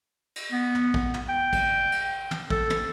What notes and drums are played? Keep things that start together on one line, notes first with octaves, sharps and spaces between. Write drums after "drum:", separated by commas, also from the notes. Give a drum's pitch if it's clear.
drum: cymbal
B3
drum: tom
drum: kick
drum: tom
G5
drum: kick, cymbal
drum: cymbal
drum: tom
A4, drum: kick
drum: tom